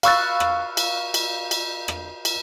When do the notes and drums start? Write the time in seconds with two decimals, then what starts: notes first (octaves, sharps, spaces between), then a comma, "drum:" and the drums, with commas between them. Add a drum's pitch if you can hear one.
0.03 F5 B5 C#6 E6 F#6 A6, drum: cymbal
0.40 drum: rim click
0.77 drum: cymbal
1.14 drum: cymbal
1.51 drum: cymbal
1.88 drum: rim click
2.25 drum: cymbal